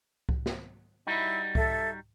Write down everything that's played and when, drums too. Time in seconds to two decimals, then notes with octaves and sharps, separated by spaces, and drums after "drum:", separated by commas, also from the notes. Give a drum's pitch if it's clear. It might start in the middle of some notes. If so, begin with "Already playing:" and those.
0.29 drum: kick C2
0.46 drum: snare
1.07 G3 D#4 E4 F#4
1.55 A4 E5, drum: kick C2